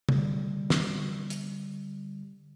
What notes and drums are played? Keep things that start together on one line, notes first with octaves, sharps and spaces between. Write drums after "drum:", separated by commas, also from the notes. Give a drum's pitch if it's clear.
D3 G3, drum: tom
drum: snare
drum: hi-hat